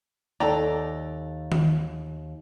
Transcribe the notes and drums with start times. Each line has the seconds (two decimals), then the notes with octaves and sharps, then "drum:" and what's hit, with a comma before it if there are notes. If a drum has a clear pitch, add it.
0.40 D#2 A4 D5 G5 A#5
1.52 drum: tom D#3